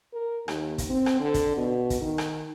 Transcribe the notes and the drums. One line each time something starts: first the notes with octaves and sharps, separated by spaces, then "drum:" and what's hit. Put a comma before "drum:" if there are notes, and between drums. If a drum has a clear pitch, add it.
A#4
D#2, drum: rim click
drum: kick, hi-hat
C4
drum: rim click
D3
drum: kick, hi-hat
B2
drum: kick, hi-hat
D#3
drum: rim click